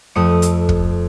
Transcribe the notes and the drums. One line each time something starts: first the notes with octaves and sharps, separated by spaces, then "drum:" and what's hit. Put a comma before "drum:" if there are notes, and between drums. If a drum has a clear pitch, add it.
F2 A3 D#6 C#7
drum: hi-hat
drum: kick